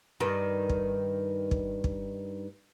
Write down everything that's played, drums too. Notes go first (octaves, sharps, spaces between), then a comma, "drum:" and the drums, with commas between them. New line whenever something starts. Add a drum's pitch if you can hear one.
G2 D#3
drum: kick
drum: kick
drum: kick